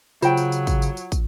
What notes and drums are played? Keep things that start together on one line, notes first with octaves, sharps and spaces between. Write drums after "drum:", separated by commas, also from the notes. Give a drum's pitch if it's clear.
C#3 F#3 F4 C5 G5, drum: tambourine
drum: tambourine
drum: tambourine
drum: kick, tambourine
drum: tambourine
drum: tambourine
drum: kick, tambourine